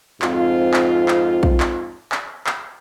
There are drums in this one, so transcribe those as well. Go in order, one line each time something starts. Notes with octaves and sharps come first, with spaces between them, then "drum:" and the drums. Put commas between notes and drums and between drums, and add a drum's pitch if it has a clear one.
F2 G#2 C4 F4, drum: clap
drum: clap
drum: clap
drum: kick
drum: clap
drum: clap
drum: clap